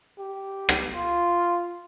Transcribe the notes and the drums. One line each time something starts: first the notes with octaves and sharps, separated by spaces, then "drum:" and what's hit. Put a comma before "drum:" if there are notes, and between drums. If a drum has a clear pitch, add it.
G4
drum: rim click
F4